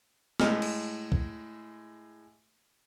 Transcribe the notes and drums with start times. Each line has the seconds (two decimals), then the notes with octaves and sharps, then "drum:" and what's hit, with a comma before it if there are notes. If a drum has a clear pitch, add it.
0.40 A2 G#3 F6, drum: snare
0.62 drum: cymbal
1.12 drum: kick